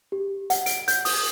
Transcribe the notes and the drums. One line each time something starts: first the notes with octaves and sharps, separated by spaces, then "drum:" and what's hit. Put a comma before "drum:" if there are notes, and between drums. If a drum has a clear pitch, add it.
G4
F#5, drum: hi-hat
D7, drum: hi-hat
G6, drum: hi-hat
D#6, drum: open hi-hat